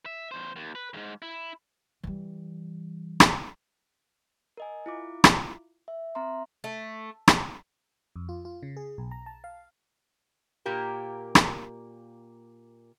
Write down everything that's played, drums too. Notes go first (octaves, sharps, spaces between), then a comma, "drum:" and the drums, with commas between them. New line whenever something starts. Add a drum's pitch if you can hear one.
E5
E2 C5
D#2
B4
E2 G#2
E4
E3 G3
drum: rim click
A#4 D#5 G#5
E4 F4 D6
drum: rim click
E5
C4 E5 A#5 C6
A3
drum: rim click
F2
F4
F4
C#3
G#4
B1
A#5
A5
F5
A#2 A#3 G4 A#4
drum: rim click